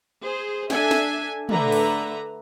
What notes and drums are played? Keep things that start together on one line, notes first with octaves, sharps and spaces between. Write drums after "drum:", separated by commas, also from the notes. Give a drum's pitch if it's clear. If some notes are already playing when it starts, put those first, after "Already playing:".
G#4 C5
D4 A4 E5 G#5, drum: snare
drum: snare
D3 A3 B4 E5 A#5, drum: tom
drum: open hi-hat